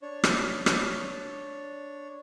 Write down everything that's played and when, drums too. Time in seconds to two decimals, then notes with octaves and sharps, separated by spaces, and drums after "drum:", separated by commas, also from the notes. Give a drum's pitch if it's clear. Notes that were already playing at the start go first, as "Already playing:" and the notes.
0.02 D4 C#5
0.24 drum: rim click
0.66 drum: rim click